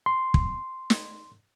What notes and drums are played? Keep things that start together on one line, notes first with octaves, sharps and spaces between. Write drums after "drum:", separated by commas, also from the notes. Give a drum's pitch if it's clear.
C6
drum: kick
drum: snare